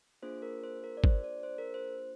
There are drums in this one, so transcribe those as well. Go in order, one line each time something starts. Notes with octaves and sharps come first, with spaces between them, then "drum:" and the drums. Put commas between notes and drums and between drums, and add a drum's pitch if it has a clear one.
A#3 D4 F4 G#4 C5
A#4
C5
A#4
D5
C5, drum: kick G1
D5
C5
A#4
C5